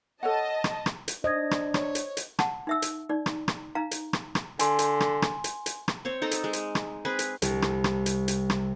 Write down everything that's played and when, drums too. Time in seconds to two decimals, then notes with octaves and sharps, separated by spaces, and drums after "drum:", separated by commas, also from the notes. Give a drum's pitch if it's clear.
0.23 A4 C#5 D#5 F#5 A5
0.64 drum: rim click
0.86 drum: rim click
1.08 drum: hi-hat
1.24 D4 C5 D#5 G#6
1.51 drum: rim click
1.74 C#5, drum: rim click
1.95 drum: hi-hat
2.17 drum: hi-hat
2.39 F#5 A5, drum: rim click
2.67 D#4 E5 E6
2.82 drum: hi-hat
3.09 D#4 D5
3.26 drum: rim click
3.48 drum: rim click
3.75 D#4 F5 A#5
3.91 drum: hi-hat
4.13 drum: rim click
4.35 drum: rim click
4.59 D3 G#5 C6, drum: hi-hat
4.79 drum: hi-hat
5.00 drum: rim click
5.22 drum: rim click
5.44 drum: hi-hat
5.66 drum: hi-hat
5.88 drum: rim click
6.05 C4 C5 C#5
6.22 D#4 A4 A#5
6.31 drum: hi-hat
6.44 G#3
6.53 drum: hi-hat
6.75 drum: rim click
7.05 C4 G#4 B4
7.19 drum: hi-hat
7.42 C2, drum: hi-hat
7.62 drum: rim click
7.84 drum: rim click
8.06 drum: hi-hat
8.28 drum: hi-hat
8.50 drum: rim click